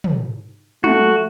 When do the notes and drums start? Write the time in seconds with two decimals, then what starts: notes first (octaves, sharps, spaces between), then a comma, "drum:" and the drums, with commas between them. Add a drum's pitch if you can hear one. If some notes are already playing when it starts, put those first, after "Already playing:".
0.04 drum: tom
0.84 A3 F#4, drum: tom